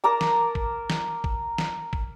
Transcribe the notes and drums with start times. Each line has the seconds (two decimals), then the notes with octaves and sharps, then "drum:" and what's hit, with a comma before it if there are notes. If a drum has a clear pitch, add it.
0.04 A#4 A5 A#5 D6
0.21 drum: snare
0.55 drum: kick A1
0.90 drum: snare
1.24 drum: kick A1
1.58 drum: snare
1.93 drum: kick A1